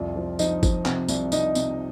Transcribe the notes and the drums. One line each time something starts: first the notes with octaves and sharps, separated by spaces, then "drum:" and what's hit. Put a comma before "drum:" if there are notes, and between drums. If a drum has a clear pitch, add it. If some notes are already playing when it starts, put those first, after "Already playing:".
Already playing: C2 F2 F4
F3
F3 D#4 D#5, drum: tambourine
F3, drum: kick G1, tambourine
C3, drum: clap
C2, drum: tambourine
C2 D#4 D#5, drum: tambourine
C3, drum: tambourine